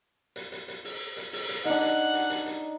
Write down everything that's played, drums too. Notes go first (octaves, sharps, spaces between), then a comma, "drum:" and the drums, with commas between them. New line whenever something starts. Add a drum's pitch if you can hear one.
drum: hi-hat
drum: hi-hat
drum: hi-hat
drum: open hi-hat
drum: hi-hat
drum: open hi-hat
drum: hi-hat
D4 D#4 F#5, drum: hi-hat
drum: hi-hat
drum: hi-hat
drum: hi-hat
drum: hi-hat